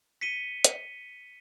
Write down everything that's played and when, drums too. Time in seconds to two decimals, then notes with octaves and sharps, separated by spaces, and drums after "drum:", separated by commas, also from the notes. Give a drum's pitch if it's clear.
0.21 B6 C#7 D#7 G7
0.64 drum: hi-hat